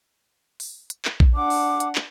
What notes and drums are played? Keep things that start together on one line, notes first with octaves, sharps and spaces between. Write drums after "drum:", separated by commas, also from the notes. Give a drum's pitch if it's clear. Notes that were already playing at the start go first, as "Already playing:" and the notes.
drum: open hi-hat
drum: hi-hat
drum: clap
drum: kick A#1
D4 F#5 D6
drum: open hi-hat
drum: hi-hat
drum: clap